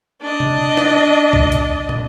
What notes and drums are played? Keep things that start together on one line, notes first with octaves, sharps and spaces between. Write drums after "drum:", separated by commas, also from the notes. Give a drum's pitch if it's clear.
D4 D#5
drum: tom C3
drum: snare
drum: kick C2
drum: hi-hat
drum: tom